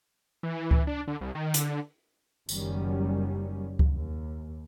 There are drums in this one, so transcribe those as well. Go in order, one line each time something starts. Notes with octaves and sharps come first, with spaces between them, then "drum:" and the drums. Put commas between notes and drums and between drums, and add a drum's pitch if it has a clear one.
E3
drum: kick C#2
D4
D3
C2
D#3
D3, drum: hi-hat
F#1 D#3 F#3 G3 C#4, drum: tambourine
drum: kick C#2
D#2